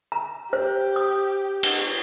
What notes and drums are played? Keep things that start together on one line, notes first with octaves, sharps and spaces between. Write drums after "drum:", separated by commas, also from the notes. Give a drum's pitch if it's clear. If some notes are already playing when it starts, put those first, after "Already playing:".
A#5
G4 C5
D#6
drum: cymbal